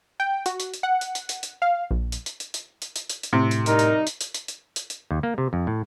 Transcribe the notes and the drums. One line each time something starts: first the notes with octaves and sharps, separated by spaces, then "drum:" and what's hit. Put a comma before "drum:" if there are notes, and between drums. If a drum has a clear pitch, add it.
G5
F#4, drum: hi-hat
drum: hi-hat
drum: hi-hat
F#5
drum: hi-hat
drum: hi-hat
drum: hi-hat
drum: hi-hat
F5
A#1
drum: hi-hat
drum: hi-hat
drum: hi-hat
drum: hi-hat
drum: hi-hat
drum: hi-hat
drum: hi-hat
drum: hi-hat
A2 C3
drum: hi-hat
G3 D#4 A#4, drum: hi-hat
drum: hi-hat
drum: hi-hat
drum: hi-hat
drum: hi-hat
drum: hi-hat
drum: hi-hat
drum: hi-hat
D#2
A#3
C3
F2
A2